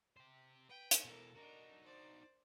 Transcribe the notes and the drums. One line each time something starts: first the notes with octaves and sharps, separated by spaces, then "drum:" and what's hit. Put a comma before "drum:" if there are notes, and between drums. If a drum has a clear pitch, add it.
G4 C5
B4 G5
drum: hi-hat
B2 E3 A4 A#4
D4 D#4 F#4 A#4
C5 D5